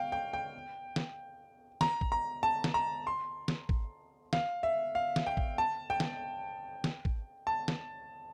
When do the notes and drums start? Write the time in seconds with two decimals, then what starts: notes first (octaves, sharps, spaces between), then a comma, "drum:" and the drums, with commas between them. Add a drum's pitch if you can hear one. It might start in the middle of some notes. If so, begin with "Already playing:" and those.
Already playing: F5 G5
0.12 G5
0.33 G5
0.96 drum: snare
1.81 A#5, drum: snare
2.01 drum: kick
2.12 A#5
2.43 A5
2.64 drum: snare
2.74 A#5
3.07 C6
3.48 drum: snare
3.69 drum: kick
4.33 F5, drum: snare
4.63 E5
4.95 F5
5.16 drum: snare
5.26 G5
5.37 drum: kick
5.58 A5
5.90 G5
6.00 drum: snare
6.84 drum: snare
7.05 drum: kick
7.47 A5
7.68 drum: snare